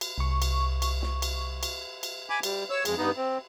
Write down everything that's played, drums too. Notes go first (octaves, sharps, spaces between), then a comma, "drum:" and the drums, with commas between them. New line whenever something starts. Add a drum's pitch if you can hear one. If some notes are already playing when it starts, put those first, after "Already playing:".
drum: cymbal
C2 C#6
drum: cymbal
drum: cymbal
drum: snare
drum: cymbal
drum: cymbal
drum: cymbal
G#5 B5 D6
G3, drum: cymbal
C#5 E6
F2 G#3, drum: cymbal
G2 B3 D#4
C4